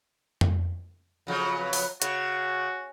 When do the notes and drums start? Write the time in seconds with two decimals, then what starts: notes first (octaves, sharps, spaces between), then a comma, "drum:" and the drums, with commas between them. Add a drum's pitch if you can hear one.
0.41 drum: tom F2
1.27 F2 C#3 F#3
1.60 B4
1.73 drum: open hi-hat
2.02 C#3 F#4, drum: hi-hat